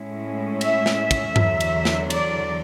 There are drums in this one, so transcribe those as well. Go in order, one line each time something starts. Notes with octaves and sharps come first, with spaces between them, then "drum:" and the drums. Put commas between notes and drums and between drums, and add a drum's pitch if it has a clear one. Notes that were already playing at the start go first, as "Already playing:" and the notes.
Already playing: A2 G#3 C#4 E4
E5, drum: cymbal
drum: snare
E5
drum: kick, cymbal
E2 D3 F#3, drum: tom G2
drum: cymbal
drum: snare
D5, drum: cymbal